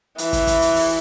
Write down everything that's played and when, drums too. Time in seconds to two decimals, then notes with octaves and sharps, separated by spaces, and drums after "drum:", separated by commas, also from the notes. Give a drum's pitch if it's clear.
0.18 E3, drum: hi-hat
0.33 drum: kick, hi-hat
0.47 drum: kick, hi-hat
0.62 drum: hi-hat
0.76 drum: open hi-hat